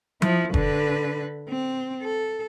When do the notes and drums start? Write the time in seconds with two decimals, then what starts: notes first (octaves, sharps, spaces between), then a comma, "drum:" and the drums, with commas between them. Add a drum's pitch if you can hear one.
0.22 F3 E4, drum: tom F3
0.54 D3 B4, drum: kick
1.49 C4
2.02 A4